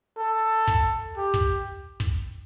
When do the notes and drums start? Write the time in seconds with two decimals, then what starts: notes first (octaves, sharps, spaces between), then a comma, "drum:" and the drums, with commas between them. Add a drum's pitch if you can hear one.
0.18 A4
0.67 drum: kick, hi-hat
1.17 G4
1.34 drum: kick, hi-hat
2.00 drum: kick, hi-hat